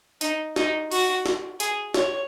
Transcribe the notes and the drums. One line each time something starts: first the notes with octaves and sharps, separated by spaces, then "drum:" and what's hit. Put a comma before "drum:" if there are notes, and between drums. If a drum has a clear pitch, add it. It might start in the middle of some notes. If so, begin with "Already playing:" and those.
D#4, drum: hi-hat
D#4, drum: snare
F#4, drum: open hi-hat
drum: snare
G#4, drum: hi-hat
C#5, drum: snare